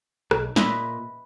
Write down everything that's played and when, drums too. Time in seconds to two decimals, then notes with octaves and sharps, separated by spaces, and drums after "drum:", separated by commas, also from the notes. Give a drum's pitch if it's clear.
0.31 B1, drum: rim click
0.56 A#2 B4 D#5 E5, drum: snare